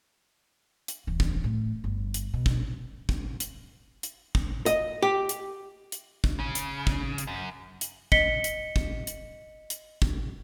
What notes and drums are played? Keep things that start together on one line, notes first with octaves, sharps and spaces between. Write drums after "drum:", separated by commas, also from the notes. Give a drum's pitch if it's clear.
drum: hi-hat
D#1 E3
drum: kick
A2
G1
drum: hi-hat
B2
drum: kick
drum: kick
drum: hi-hat
drum: hi-hat
drum: kick
D#5, drum: hi-hat
G4
drum: hi-hat
drum: hi-hat
drum: kick
C#3
drum: hi-hat
drum: kick
drum: hi-hat
F#2
drum: hi-hat
D#5 B6 C#7 G7, drum: kick
drum: hi-hat
drum: kick
drum: hi-hat
drum: hi-hat
drum: kick